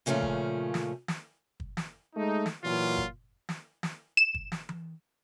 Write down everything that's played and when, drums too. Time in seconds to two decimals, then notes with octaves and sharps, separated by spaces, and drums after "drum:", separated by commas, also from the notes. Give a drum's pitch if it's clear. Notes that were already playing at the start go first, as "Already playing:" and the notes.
0.06 A#2 C#3 F3 A3 C#4
0.22 drum: kick
0.74 drum: snare
1.08 drum: snare
1.60 drum: kick
1.77 drum: snare
2.15 G#3 A3 D#4
2.46 drum: snare
2.63 A#2 E3 F#3 F4
2.97 drum: kick
3.49 drum: snare
3.83 drum: snare
4.17 E7
4.34 drum: kick
4.52 drum: snare
4.69 drum: tom E3